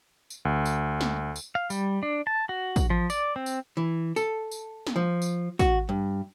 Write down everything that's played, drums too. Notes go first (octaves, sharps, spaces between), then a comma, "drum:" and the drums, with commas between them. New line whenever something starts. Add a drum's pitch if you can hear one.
drum: tambourine
D2
drum: tambourine
drum: snare
drum: tambourine
F5
G3, drum: tambourine
D4
A5
F#4
drum: kick, tambourine
F3
D5, drum: tambourine
C4
drum: tambourine
E3
A4, drum: tambourine
drum: tambourine
drum: snare
F3
drum: tambourine
F#4, drum: kick, tambourine
G2